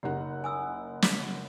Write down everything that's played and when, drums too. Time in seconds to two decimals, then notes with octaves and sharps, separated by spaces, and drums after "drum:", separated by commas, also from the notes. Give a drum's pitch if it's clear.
0.03 F#1 D#4 G4 F#5
0.44 G#5 D#6 E6
1.02 drum: snare